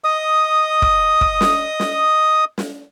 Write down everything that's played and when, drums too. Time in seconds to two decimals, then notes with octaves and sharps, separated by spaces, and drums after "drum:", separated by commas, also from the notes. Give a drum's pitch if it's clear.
0.04 D#5 D#6
0.82 drum: kick
1.21 drum: kick
1.41 drum: snare
1.80 drum: snare
2.58 drum: snare